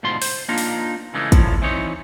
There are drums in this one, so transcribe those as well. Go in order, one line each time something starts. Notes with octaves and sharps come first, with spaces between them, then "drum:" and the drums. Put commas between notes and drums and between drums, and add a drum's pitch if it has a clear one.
D2 G#2 B2 F4 C6
C5, drum: open hi-hat
A#3 D4 D#4 F4
drum: open hi-hat
C#3 E3 G#3 A3
E2 A2 F3, drum: kick, hi-hat
E3 C4 D#4 C#5